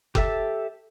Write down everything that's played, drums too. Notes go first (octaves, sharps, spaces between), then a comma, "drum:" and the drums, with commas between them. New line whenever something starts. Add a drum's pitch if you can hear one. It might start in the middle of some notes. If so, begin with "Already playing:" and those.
G4 A4 E5 A5, drum: kick F#1